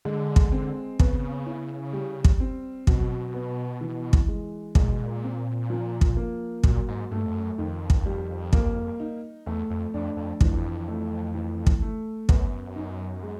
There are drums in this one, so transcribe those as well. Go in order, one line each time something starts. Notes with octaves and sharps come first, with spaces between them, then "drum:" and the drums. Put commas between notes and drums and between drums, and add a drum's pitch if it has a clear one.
D3 G#3
drum: kick
C4
C#3 B3, drum: kick
E4
G3
drum: kick
C4
B2 F#3, drum: kick
B3
E3
drum: kick
G#3
A#2 G#3, drum: kick
B2
A#2
C4
F3
drum: kick
A#3
A#2 F#3, drum: kick
G#2
G2 A3
F2
F#2
F2 D#3
drum: kick
G3
A#3, drum: kick
D#4
E2 A3
F2
F2 D4
F2
F2 E3, drum: kick
A3
E3
drum: kick
A3
F#2 B3, drum: kick
D#4
G#3